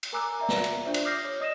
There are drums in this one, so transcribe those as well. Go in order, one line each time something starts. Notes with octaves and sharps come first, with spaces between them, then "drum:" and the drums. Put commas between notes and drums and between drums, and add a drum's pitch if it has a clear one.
drum: cymbal
A#4 G#5 A#5 D6 E6 F#6
D5 E5 A#5
drum: snare
drum: cymbal
D4 F4 C5 D5 E5
drum: cymbal
D6 D#6 F6 G6 A#6 C7
C#5
D5 D#5 D#6 A#6 D#7 E7